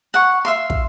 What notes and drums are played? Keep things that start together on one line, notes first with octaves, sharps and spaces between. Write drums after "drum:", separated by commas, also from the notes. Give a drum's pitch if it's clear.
F#5 C#6
E5 F5 C6
drum: kick